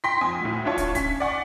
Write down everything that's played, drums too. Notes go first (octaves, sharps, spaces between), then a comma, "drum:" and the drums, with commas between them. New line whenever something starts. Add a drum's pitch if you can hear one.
G5 C6 A#6 B6
F2 G#5 D#6
D2 A2
D4 E4 F4 C#5 A5
drum: kick, hi-hat
C#4 B6, drum: kick, hi-hat
D5 F#5 G#5 C#6